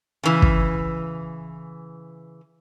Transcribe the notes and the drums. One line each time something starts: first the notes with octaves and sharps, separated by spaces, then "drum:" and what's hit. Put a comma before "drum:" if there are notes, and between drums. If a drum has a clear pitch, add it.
C#3 E3
drum: kick